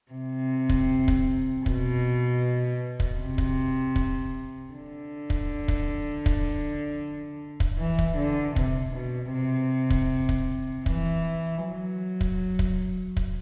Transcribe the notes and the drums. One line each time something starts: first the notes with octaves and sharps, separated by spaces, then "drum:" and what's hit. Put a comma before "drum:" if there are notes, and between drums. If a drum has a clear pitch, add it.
C3
drum: kick
drum: kick
B2, drum: kick
drum: kick
C3
drum: kick
drum: kick
D3
drum: kick
drum: kick
drum: kick
drum: kick
E3
drum: kick
D3
C3, drum: kick
B2
C3
drum: kick
drum: kick
E3, drum: kick
F#3
drum: kick
drum: kick
drum: kick